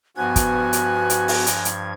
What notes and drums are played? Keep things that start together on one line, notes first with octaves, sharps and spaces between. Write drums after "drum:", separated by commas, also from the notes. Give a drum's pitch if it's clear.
G2 F3 B3 F#4 G#5 F#6 G#6
drum: kick, hi-hat
drum: hi-hat
drum: hi-hat
drum: open hi-hat
drum: hi-hat
drum: hi-hat